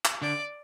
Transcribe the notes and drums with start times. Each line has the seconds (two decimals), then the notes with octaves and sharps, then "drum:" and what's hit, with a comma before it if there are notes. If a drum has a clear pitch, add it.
0.05 drum: clap
0.22 D3 D5